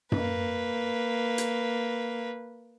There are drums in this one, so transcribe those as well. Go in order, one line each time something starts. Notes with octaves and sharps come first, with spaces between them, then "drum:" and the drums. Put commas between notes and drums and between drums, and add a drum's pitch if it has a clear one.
A#3 B4, drum: tom F#2
drum: hi-hat